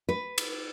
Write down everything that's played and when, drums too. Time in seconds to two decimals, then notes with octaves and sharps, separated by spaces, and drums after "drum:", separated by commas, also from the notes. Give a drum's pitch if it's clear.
0.09 B4
0.38 drum: cymbal